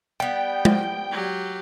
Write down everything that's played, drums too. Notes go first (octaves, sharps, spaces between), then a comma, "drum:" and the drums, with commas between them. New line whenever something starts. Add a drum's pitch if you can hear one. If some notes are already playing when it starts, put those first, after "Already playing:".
G3 B3 G5
drum: tom
F#3 G4